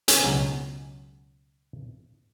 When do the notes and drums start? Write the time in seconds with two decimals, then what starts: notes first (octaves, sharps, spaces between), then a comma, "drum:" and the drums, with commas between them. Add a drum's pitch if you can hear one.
0.08 C#4, drum: hi-hat
0.24 C#2 B2 F#3 G#3